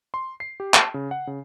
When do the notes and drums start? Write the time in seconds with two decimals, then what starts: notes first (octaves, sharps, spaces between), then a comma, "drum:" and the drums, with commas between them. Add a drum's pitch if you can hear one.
0.14 C6
0.40 C7
0.60 G4
0.74 A5, drum: clap
0.94 C#3
1.11 F#5
1.27 C#3